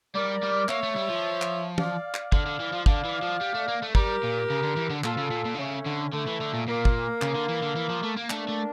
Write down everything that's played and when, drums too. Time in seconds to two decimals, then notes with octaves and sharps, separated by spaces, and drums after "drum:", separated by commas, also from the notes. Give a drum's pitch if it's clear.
0.15 G3 A#4 D5
0.43 G3
0.69 A#3 C#5 E5, drum: clap
0.83 A3
0.96 G3
1.10 F3
1.42 drum: clap
1.78 D5 F5, drum: tom
2.14 drum: clap
2.32 D3 D5 F5, drum: kick
2.46 D3
2.60 E3
2.73 F3
2.86 D3 D5 F5, drum: kick
3.05 E3
3.22 F3
3.41 G3
3.55 A3
3.68 A#3
3.82 A3
3.95 G3 G4 A#4, drum: kick
4.23 A#2
4.50 C#3
4.63 D3
4.77 E3
4.90 D3
5.04 A#2 F4 A4, drum: clap
5.18 C#3
5.31 A#2
5.45 A#2
5.54 D3
5.58 C#3 A3 C#4
5.86 D3
6.13 D3 A3
6.27 E3
6.41 D3
6.53 A#2
6.67 A#2 A#3
6.85 drum: kick
7.22 C#3, drum: clap
7.35 D3
7.49 E3
7.62 D3
7.76 E3
7.89 F3
8.03 A3
8.17 A#3
8.30 A3 A#3 D4, drum: clap
8.49 A3